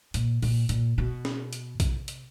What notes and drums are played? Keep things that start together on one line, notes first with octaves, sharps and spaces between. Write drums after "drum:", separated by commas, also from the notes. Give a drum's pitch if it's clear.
A#2, drum: hi-hat
A#2, drum: open hi-hat
A#2, drum: hi-hat
B2
drum: snare
drum: hi-hat
C3, drum: kick A#1, hi-hat
drum: hi-hat